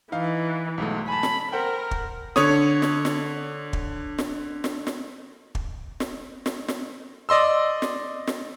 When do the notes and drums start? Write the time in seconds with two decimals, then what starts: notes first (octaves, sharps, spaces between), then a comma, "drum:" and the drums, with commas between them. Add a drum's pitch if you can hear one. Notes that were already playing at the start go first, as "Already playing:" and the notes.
0.12 E3 D#4 F5
0.78 B1 G#2 A3
1.08 G#5 A5 B5
1.23 drum: snare
1.52 A#4 C5 F#5 G5
1.91 drum: kick
2.36 D3 C#5 D#6, drum: snare
2.82 drum: snare
3.05 drum: snare
3.73 drum: kick
4.18 drum: snare
4.64 drum: snare
4.87 drum: snare
5.55 drum: kick
6.00 drum: snare
6.46 drum: snare
6.68 drum: snare
7.29 D5 D#5 C6 E6
7.82 drum: snare
8.27 drum: snare